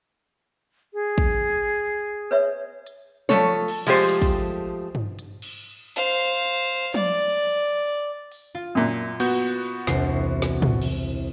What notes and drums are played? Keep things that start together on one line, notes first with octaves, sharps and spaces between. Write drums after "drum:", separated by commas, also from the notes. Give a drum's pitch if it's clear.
G#4
drum: kick
B4 C#5 E5
drum: hi-hat
F3 A3 A4 C#5, drum: tom F3
drum: cymbal
F3 G#3 A3 G4 C5, drum: cymbal
drum: hi-hat
drum: kick
drum: tom G2
drum: hi-hat
drum: cymbal
C5 F5, drum: hi-hat
D5, drum: tom F3
drum: open hi-hat
F4
F#2 A#2
B3 F#4 G6, drum: cymbal
E1 C2 C7, drum: snare
drum: snare
drum: tom
drum: cymbal